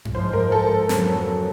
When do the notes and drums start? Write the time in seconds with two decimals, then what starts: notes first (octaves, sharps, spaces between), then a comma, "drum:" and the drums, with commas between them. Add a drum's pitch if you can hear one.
0.05 drum: tom F#2
0.15 G#2 F3 G#3 C5
0.33 A#4
0.52 A4
0.89 F2 C#3 F#3 B3, drum: snare